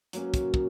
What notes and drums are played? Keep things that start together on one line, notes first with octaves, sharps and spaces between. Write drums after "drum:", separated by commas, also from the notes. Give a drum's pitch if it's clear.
F#3 A#3 C#4, drum: hi-hat
drum: kick, hi-hat
drum: kick